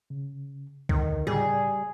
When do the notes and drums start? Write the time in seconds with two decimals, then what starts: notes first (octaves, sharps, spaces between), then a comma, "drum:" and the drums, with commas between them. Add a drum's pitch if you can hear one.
0.10 C#3
0.89 E2 D3 D#3, drum: kick C2
1.27 A2 C#3 G3 G#4